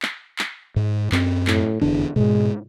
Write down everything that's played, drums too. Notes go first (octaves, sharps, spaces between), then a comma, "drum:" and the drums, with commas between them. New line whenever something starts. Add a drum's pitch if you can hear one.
drum: clap
drum: clap
G#2
F#2 C4, drum: clap
A2, drum: clap
F1 E2 D3 D4
G#2 B2 G#3